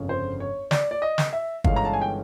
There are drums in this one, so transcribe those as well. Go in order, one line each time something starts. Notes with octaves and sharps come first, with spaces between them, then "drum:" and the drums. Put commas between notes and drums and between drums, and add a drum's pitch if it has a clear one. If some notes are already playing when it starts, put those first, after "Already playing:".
Already playing: G1 F2 C#3
C5
C#5
D5, drum: snare
D5
D#5
drum: snare
E5
G1 G2 E3 G#3 C#4 F5, drum: kick
A#5
A5
G#5
G5